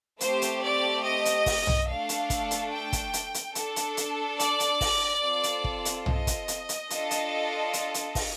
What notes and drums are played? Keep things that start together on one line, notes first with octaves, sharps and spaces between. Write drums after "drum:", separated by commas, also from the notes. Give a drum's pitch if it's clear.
A3 C4 G4 C5, drum: hi-hat
drum: hi-hat
D5
D#5
drum: hi-hat
drum: kick, open hi-hat
drum: tom
A3 D4 A4 F5
drum: hi-hat
drum: kick, hi-hat
drum: hi-hat
G5
drum: kick, hi-hat
drum: hi-hat
drum: hi-hat
D4 A4, drum: hi-hat
drum: hi-hat
drum: hi-hat
D5, drum: hi-hat
drum: hi-hat
drum: kick, open hi-hat
C4 F4 A4
drum: hi-hat
drum: kick
drum: hi-hat
D#5, drum: tom
drum: kick, hi-hat
drum: hi-hat
drum: hi-hat
D4 F4 A4, drum: hi-hat
drum: hi-hat
drum: hi-hat
drum: hi-hat
drum: kick, open hi-hat